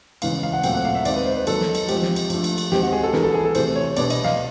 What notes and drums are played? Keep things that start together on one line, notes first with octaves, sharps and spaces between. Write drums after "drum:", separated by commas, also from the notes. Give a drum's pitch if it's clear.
C#3 E3 G#3 B3 F5, drum: cymbal
F5
F#5
A#2 F#3 A3 C4 G5, drum: cymbal
F#5
F5
E5
D#3 G#3 C4 D#4 D5, drum: cymbal
B4
C5
B4
D#3 F#3 A#3 D#4 A4, drum: cymbal
drum: snare
drum: cymbal
F3 G#3 C4 G4, drum: cymbal
drum: snare
drum: cymbal
F3 A3 D4, drum: cymbal
drum: cymbal
drum: cymbal
D#3 G#3 C4 G4, drum: snare
F#4
G#4
A4
E3 G3 B3 D4 A#4, drum: snare
A4
G#4
A4
C3 E3 A3 C5, drum: cymbal
C#5
B2 G3 B3 D4 D5, drum: cymbal
D#5, drum: cymbal
F5, drum: snare